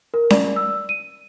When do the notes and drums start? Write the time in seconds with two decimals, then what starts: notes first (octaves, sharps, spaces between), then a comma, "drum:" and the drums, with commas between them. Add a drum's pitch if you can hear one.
0.14 A#4
0.30 D5, drum: snare C#4
0.56 E6
0.89 D#7